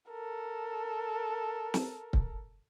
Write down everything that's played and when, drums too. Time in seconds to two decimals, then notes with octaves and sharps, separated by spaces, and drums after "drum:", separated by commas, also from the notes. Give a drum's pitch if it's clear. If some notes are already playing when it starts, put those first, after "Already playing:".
0.11 A4 A#4
1.74 drum: snare
2.13 drum: kick C#1